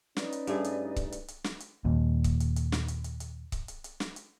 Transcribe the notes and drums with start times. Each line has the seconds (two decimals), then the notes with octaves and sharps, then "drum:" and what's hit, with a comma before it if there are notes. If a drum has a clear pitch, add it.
0.16 C#4 D#4 B4 D5, drum: snare
0.32 drum: hi-hat
0.47 G2 A3 G#4, drum: hi-hat
0.64 drum: hi-hat
0.96 drum: kick C#1, hi-hat
1.12 drum: hi-hat
1.28 drum: hi-hat
1.44 drum: snare
1.60 drum: hi-hat
1.85 D#2 A#2
2.24 drum: kick C#1, hi-hat
2.40 drum: hi-hat
2.56 drum: hi-hat
2.72 drum: snare
2.88 drum: hi-hat
3.04 drum: hi-hat
3.20 drum: hi-hat
3.52 drum: kick C#1, hi-hat
3.68 drum: hi-hat
3.84 drum: hi-hat
4.00 drum: snare
4.16 drum: hi-hat